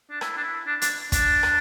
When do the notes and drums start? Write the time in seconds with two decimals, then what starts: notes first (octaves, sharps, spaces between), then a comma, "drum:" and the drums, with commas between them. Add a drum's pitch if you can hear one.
0.10 D4
0.21 E4, drum: rim click
0.37 D4
0.44 E4
0.67 D4
0.82 D4, drum: hi-hat
1.12 D4, drum: kick, hi-hat
1.43 drum: rim click